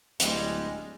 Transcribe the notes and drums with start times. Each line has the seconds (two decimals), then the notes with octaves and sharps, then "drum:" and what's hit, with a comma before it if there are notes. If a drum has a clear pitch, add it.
0.20 D1 G3 G#3, drum: hi-hat